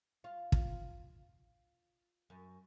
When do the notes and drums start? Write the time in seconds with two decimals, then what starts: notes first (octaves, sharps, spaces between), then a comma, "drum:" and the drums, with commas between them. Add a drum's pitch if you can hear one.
0.24 F4
0.52 F4, drum: kick
2.30 F#2